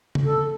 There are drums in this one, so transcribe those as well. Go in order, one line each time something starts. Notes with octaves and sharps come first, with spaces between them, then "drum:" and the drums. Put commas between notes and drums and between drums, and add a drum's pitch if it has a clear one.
drum: tom C#3
A4